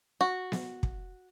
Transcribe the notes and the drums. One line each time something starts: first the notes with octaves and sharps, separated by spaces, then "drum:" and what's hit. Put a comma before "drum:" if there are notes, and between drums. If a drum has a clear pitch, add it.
F#4
drum: snare B3
drum: kick